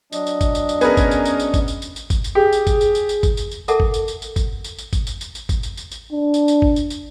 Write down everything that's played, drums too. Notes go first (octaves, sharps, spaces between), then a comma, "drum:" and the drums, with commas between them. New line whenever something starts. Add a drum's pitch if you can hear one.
F#3 D4 D#5, drum: tambourine
drum: tambourine
drum: kick G#1, tambourine
drum: tambourine
drum: tambourine
B3 C#4 G#4 A#4 B4, drum: tambourine
drum: kick G#1, tambourine
drum: tambourine
drum: tambourine
drum: tambourine
drum: kick G#1, tambourine
drum: tambourine
drum: tambourine
drum: tambourine
drum: kick G#1, tambourine
drum: tambourine
G4 G#4
drum: tambourine
drum: kick G#1, tambourine
drum: tambourine
drum: tambourine
drum: tambourine
drum: kick G#1, tambourine
drum: tambourine
drum: tambourine
A4 A#4 E5 F#5 A5 D6, drum: tambourine
drum: kick G#1
drum: tambourine
drum: tambourine
drum: tambourine
drum: kick G#1, tambourine
drum: tambourine
drum: tambourine
drum: kick G#1, tambourine
drum: tambourine
drum: tambourine
drum: tambourine
drum: kick G#1, tambourine
drum: tambourine
drum: tambourine
drum: tambourine
D4
drum: tambourine
drum: tambourine
drum: kick G#1
drum: tambourine
drum: tambourine